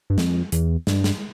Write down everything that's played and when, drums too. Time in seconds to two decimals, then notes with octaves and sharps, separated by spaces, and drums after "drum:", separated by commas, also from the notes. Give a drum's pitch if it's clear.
0.10 G2
0.18 F2, drum: snare
0.52 E2, drum: hi-hat
0.87 G2, drum: snare
1.04 drum: snare